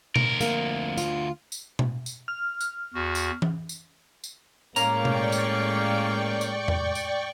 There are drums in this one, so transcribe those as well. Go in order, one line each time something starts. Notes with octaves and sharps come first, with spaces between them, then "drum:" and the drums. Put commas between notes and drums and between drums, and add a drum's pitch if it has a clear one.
D2 A#4, drum: tom B2
F2 A#3, drum: tambourine
F4, drum: tambourine
drum: tambourine
drum: tom B2
drum: tambourine
F6
drum: tambourine
E2 F#4
drum: tambourine
drum: tom E3
drum: tambourine
drum: tambourine
A2 G#3 A#3 C#4 D5 G5 A#5 C#6, drum: tambourine
drum: tom B2
drum: tambourine
drum: tambourine
drum: tom E2
drum: tambourine